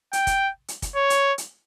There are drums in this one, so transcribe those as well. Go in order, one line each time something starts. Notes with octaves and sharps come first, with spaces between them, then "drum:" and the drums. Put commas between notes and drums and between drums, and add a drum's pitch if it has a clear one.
G5, drum: hi-hat
drum: kick, hi-hat
drum: hi-hat
drum: kick, hi-hat
C#5
drum: hi-hat
drum: hi-hat